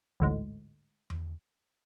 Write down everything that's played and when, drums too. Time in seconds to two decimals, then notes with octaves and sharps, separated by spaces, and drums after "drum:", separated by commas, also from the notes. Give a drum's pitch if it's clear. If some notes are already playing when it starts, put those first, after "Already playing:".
0.20 A1 D2 G#2
1.10 drum: tom E2